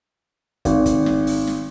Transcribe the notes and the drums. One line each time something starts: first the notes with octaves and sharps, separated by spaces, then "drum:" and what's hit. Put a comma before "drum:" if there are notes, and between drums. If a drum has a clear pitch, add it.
G#1, drum: kick, hi-hat
drum: kick, hi-hat
drum: snare
drum: open hi-hat
drum: snare